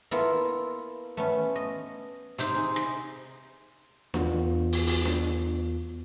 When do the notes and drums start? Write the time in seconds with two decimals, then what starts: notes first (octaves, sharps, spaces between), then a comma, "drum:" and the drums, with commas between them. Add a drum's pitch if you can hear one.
0.11 A#3 B3 E4 F4 A4
1.17 A3 B3 C#4
1.56 D#5
2.38 C3 D#4 C5, drum: hi-hat
2.55 D#4 G#4
2.76 drum: rim click
4.14 E2 B3 F4, drum: snare D4
4.73 drum: open hi-hat
4.87 drum: open hi-hat
5.05 drum: snare D4